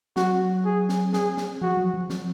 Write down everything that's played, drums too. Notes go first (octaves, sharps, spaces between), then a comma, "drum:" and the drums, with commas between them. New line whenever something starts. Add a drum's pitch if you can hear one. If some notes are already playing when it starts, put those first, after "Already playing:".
F#3 F#4, drum: snare
G#4
drum: snare
G#4, drum: snare
drum: snare
F3 F#4
F#3
F3
F3, drum: snare